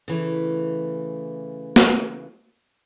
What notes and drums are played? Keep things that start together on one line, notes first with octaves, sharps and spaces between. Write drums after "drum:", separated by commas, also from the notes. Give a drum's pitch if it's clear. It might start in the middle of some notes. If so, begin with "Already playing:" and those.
C#3 E3 A3
drum: snare